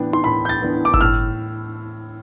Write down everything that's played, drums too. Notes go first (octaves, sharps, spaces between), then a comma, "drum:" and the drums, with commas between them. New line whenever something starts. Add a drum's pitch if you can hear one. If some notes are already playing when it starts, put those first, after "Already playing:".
Already playing: A2 E3 B3 D4 G5
C6, drum: tom D#4
A2 B5
G6
A6
E3 B3 D4
D6
E6, drum: kick G1
A2 F6